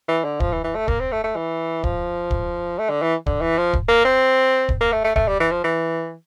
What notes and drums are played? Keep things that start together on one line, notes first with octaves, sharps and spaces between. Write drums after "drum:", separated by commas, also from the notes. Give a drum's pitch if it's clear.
E3
D3
F3, drum: kick
E3
E3
A3
A#3, drum: kick
C4
A3
A3
E3
F3, drum: kick
drum: kick
A3
D3
E3
D3, drum: kick
E3
F3
drum: kick
A#3
C4
drum: kick
A#3
A3
A3
A3, drum: kick
G3
E3
F3
E3